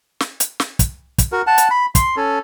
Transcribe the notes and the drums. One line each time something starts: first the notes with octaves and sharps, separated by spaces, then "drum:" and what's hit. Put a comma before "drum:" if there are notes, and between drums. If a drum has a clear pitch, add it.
drum: snare
drum: hi-hat
drum: snare
drum: kick, hi-hat
drum: kick, hi-hat
F#4 A#4
F#5 A5
drum: hi-hat
B5
C6, drum: kick, hi-hat
C#4 A4